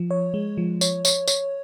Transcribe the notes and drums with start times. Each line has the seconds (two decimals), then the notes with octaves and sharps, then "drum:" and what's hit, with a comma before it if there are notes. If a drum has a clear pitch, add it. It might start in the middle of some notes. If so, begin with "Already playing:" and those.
Already playing: F3
0.11 C#5
0.34 G#3
0.57 F3
0.81 C#5, drum: tambourine
1.05 C#5, drum: tambourine
1.28 C#5, drum: tambourine